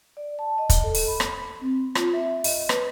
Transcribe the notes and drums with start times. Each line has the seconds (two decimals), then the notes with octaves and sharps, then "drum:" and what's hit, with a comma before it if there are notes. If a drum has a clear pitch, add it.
0.17 D5
0.39 A5
0.58 D#5
0.70 drum: kick, hi-hat
0.84 A4
0.95 drum: open hi-hat
1.08 B5
1.20 drum: rim click
1.61 C4
1.95 F4, drum: rim click
2.13 E5
2.44 D#5, drum: open hi-hat
2.69 B4, drum: rim click